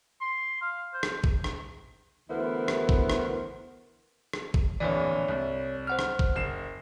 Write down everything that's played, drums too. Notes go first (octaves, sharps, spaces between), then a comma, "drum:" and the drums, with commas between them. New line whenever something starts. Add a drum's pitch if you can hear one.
C6
F5
C5
drum: rim click
drum: kick
drum: rim click
D2 E3 B3 E4 A#4 C5
drum: rim click
drum: kick
drum: rim click
drum: rim click
drum: kick
D1 A#1 E3 C#5 D5
C2
C5 F#5 F6
drum: rim click
drum: kick
F#1 C7 E7